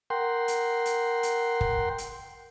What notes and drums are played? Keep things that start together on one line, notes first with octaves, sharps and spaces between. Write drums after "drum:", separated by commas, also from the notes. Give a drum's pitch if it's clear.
A#4 F#5 G5 C6
drum: hi-hat
drum: hi-hat
drum: hi-hat
drum: kick
drum: hi-hat